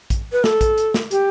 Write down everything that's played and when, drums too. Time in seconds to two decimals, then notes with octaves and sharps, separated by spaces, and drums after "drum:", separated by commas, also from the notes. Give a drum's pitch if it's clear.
0.10 drum: kick, hi-hat
0.32 B4
0.44 A4, drum: snare
0.61 drum: kick, hi-hat
0.78 drum: hi-hat
0.94 drum: snare
1.11 G4, drum: hi-hat